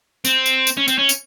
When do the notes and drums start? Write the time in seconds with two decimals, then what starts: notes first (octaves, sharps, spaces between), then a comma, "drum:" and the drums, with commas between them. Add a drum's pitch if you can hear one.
0.25 C4, drum: tambourine
0.46 drum: tambourine
0.67 drum: tambourine
0.77 C#4
0.88 C4, drum: tambourine
0.98 C#4
1.09 drum: tambourine